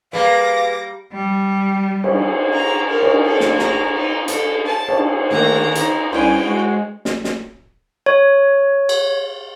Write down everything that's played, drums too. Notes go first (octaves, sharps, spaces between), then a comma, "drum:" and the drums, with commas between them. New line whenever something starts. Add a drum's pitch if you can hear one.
G3 A#3 G#4 B4 F5 D6 A#6
G3
drum: cymbal
A#5
A#4
drum: cymbal
A4
drum: snare
A#5, drum: snare
D#4
A4, drum: hi-hat
A5
drum: cymbal
D3 D#3 A3 A#3 A#5
D#4, drum: hi-hat
C2 C#4 D4 E4 C5 G5 G#5
G#3 F#4
drum: snare
drum: snare
C#5
drum: cymbal